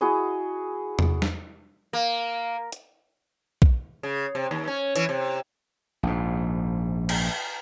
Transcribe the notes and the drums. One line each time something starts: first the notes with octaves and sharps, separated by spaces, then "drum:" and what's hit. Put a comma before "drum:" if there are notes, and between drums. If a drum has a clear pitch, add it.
E4 F#4 G#4 D#5
drum: tom E2
drum: snare
A#3
drum: hi-hat
drum: kick A#1
C#3
C3
D#2
C#4
E3 C#4, drum: hi-hat
C3
A#1 G#2
drum: cymbal